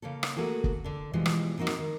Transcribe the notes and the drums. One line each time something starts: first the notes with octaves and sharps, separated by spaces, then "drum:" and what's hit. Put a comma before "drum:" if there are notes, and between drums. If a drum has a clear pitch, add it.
C#3 A#3 C#4 A4
drum: rim click
A3 A#3 F#4 G#4 A4
drum: kick
D3 D4
B2 E3 F3 G3 G#3
drum: rim click
F3 A#3 C4 D#4 F#4
drum: rim click
D#3